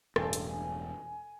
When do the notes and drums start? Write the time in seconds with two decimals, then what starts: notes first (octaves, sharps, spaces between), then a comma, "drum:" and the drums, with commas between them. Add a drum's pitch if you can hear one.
0.16 E1 A1 G2 A4 G5 G#5 C6, drum: rim click
0.33 drum: hi-hat